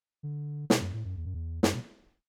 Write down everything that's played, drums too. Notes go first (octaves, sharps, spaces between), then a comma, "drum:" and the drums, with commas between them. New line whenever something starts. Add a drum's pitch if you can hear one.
D3
B2, drum: snare
F#2
A2
F#2
E2
F#2
E2
F#2, drum: snare
B2